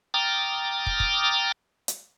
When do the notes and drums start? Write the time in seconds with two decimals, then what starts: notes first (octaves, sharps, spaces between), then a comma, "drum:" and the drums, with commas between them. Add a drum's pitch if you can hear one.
0.14 G5 A#5 D6 D#6 F6 A6
0.86 drum: kick
1.00 drum: kick
1.88 drum: hi-hat